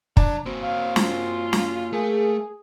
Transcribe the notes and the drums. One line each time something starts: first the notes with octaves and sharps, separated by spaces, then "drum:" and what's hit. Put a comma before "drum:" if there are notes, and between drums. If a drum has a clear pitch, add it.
F#3 D4 A#5, drum: kick
A#3 C4 F#4
F5
F4, drum: snare
drum: snare
A3 A#3 G#4